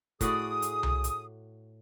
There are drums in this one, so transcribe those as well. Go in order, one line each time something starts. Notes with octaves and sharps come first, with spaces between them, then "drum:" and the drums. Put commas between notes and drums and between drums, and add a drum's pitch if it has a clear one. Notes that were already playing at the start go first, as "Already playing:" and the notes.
A2 F#4 G#4 D5 D#6, drum: kick, hi-hat
drum: hi-hat
drum: tom C2
drum: hi-hat